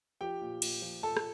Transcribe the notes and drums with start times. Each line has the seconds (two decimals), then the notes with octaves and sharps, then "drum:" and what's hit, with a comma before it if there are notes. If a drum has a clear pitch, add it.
0.21 F3 G4 G5
0.41 A#2
0.62 A#2, drum: cymbal
0.82 F3
1.03 F3 A4 A5
1.17 drum: rim click